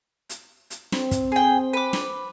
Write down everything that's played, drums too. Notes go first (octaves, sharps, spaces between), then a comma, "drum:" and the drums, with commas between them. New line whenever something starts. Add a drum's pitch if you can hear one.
drum: hi-hat
drum: hi-hat
C4, drum: snare
drum: kick, hi-hat
G#4 G5
B4 D6
drum: snare